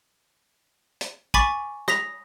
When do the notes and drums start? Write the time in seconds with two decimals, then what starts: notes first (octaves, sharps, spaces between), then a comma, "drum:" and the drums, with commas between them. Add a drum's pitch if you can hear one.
1.01 drum: hi-hat
1.34 G#5 B5 C#6 D6 A6 B6, drum: kick
1.88 D#6 A#6 B6 F7, drum: rim click